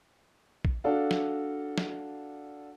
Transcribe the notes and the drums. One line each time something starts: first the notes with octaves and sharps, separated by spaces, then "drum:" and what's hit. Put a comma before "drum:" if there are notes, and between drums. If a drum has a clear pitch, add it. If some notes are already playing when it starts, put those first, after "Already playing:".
drum: kick A#1
D4 F#4 A4 D5 F5
drum: snare
drum: snare